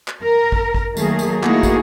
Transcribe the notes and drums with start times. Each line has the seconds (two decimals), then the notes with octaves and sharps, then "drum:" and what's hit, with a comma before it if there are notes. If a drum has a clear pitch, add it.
0.08 drum: clap
0.24 A#4
0.52 drum: kick
0.74 drum: kick
0.97 D#3 F#3 A3 A#3 G#4 A#4, drum: tambourine
1.19 drum: tambourine
1.43 A3 A#3 D#4 E4 F#4 G#4, drum: clap
1.63 drum: kick, tambourine